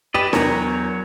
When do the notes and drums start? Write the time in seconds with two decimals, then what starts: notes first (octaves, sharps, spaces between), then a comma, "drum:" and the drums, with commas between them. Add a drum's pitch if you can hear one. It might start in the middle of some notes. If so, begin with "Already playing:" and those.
0.14 G4 B4 D5 D#5 E7
0.33 E2 F#3 A#4 C#5 A#5, drum: snare D4